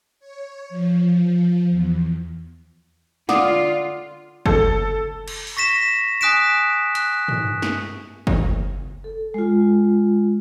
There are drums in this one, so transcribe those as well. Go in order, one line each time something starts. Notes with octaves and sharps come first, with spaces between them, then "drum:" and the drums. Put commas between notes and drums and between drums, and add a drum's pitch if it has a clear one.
C#5
F3
E2
D3 F4 F#5 D6 D#6, drum: snare
A4, drum: kick F#1
drum: cymbal
drum: open hi-hat
C#6 A#6 B6 E7
G#5 D#6 F#6 B6 D7 E7
F#6, drum: hi-hat
drum: tom
drum: snare
drum: kick F#1
A4
G#3 F4